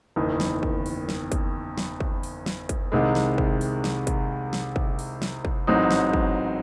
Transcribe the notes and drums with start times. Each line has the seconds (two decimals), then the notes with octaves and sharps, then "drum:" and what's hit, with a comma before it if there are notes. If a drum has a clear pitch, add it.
0.16 F#1 E2 D#3
0.40 drum: snare
0.63 drum: kick
0.86 drum: open hi-hat
1.09 drum: snare
1.32 drum: kick, hi-hat
1.77 drum: snare
2.00 drum: kick
2.23 drum: open hi-hat
2.46 drum: snare
2.69 drum: kick, hi-hat
2.92 C2 C3 D#3 G#3
3.15 drum: snare
3.38 drum: kick
3.61 drum: open hi-hat
3.84 drum: snare
4.07 drum: kick, hi-hat
4.53 drum: snare
4.76 drum: kick
4.99 drum: open hi-hat
5.22 drum: snare
5.45 drum: kick
5.67 A1 G#2 F#3 C4 D#4
5.90 drum: snare
6.13 drum: kick